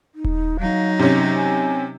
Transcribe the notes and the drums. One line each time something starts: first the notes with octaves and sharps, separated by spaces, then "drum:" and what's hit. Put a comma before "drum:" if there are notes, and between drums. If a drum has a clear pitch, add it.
D#4
drum: kick D#1
F#3 D#4 F5
C3 C#4 G4
G#5